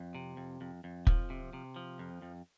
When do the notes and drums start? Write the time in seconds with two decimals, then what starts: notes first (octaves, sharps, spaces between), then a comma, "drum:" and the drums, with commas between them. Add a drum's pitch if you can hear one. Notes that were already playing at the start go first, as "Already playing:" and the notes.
Already playing: F2
0.15 C3
0.37 F2
0.61 F2
0.84 F2
1.07 F3, drum: kick
1.30 C3
1.53 C3
1.76 F3
1.99 F2
2.22 F2